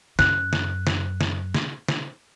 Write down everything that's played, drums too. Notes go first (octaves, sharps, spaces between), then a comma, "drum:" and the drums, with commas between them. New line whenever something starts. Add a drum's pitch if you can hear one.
F#2 F#6, drum: snare
drum: snare
drum: snare
drum: snare
drum: snare
drum: snare